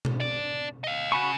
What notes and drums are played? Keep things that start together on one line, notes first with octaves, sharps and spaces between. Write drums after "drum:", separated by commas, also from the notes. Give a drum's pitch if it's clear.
drum: tom B2
D4 D5
D#5 F5
C#3 F#4 B5 C#6